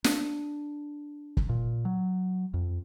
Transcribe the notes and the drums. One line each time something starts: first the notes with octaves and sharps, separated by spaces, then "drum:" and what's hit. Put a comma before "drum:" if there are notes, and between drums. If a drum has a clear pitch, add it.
D4, drum: snare
drum: kick
A#2
F#3
F2